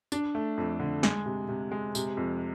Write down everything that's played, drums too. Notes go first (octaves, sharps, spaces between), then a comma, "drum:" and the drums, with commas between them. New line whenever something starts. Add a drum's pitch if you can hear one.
D4, drum: tambourine
A3
F2
D3
G#3, drum: snare
C3
C3
G#3
C3, drum: tambourine
F2